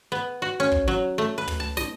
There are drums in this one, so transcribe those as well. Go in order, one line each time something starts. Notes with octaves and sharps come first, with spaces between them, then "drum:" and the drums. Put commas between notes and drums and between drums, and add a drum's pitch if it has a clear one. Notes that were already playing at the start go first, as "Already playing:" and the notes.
B3
F#4
C#4
drum: kick
F#3
A3
B4
drum: tom
A5
D#5, drum: snare